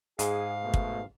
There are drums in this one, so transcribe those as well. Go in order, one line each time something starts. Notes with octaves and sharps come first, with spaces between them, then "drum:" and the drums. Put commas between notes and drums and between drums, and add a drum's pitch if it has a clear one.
G#2 G#4 F5, drum: hi-hat
B2 A3
drum: kick